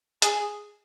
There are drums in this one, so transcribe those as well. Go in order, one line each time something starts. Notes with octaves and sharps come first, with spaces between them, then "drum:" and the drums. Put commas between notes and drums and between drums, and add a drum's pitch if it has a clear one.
G#4, drum: hi-hat